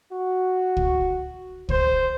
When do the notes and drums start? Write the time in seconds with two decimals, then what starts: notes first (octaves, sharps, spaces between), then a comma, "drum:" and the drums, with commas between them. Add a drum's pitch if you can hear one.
0.13 F#4
0.77 drum: kick
1.69 C5, drum: kick